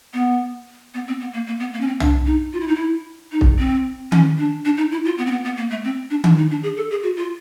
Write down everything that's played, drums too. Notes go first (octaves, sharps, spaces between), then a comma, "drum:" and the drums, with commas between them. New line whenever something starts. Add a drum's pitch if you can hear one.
B3
B3
C4
B3
A#3
A#3
B3
A#3
C#4
C4
D4, drum: tom
D#4
F4
E4
D#4
E4
D#4
drum: kick
C4
C#4, drum: tom D#3
D4
D4
D#4
E4
F4
B3
C4
B3
B3
A#3
A3
C4
D4
D4, drum: tom D#3
D#4
D4
G#4
A4
G#4
F#4
F4